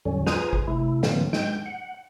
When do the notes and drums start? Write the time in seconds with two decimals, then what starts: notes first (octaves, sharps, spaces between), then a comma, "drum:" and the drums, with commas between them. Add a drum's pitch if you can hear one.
0.05 E2 A2 D3 F#3 G3 C#4
0.27 F4 G#4 B4 C5 G#5 A#5, drum: snare
0.53 drum: kick G#1
0.68 C3 A3 E4
1.03 A2 D3 E3 F#3 A#3 C4, drum: snare
1.33 G#3 G5 G6, drum: snare
1.66 F#5